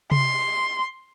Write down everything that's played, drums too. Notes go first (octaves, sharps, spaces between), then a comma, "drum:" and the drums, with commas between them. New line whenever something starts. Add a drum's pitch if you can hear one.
C6, drum: tom C3